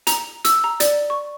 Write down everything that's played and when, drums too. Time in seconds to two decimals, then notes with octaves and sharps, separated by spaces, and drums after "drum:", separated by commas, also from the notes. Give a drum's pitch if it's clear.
0.07 A#5, drum: hi-hat
0.45 E6, drum: hi-hat
0.64 A#5
0.80 D5, drum: hi-hat
1.10 C#6